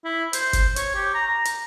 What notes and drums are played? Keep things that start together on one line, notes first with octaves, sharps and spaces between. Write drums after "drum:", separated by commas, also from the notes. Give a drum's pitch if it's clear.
E4
C5, drum: hi-hat
drum: kick, hi-hat
C#5, drum: hi-hat
G4
A#5
A#5
drum: hi-hat